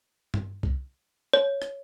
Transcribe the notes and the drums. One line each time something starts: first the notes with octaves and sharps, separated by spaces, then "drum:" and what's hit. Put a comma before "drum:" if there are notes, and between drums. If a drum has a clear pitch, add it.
drum: tom G2
drum: kick
C#5
drum: rim click